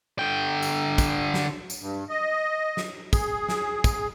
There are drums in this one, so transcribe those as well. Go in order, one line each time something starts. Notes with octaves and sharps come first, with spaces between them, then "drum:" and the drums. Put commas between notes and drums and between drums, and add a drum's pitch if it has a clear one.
D3 G5
drum: tambourine
drum: kick, tambourine
drum: snare
drum: tambourine
G2
D#5
drum: snare
G#4, drum: kick, tambourine
drum: snare
drum: kick, tambourine